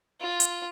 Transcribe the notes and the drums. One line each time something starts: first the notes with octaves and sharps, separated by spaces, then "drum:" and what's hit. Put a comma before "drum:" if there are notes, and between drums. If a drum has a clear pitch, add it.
F4
drum: hi-hat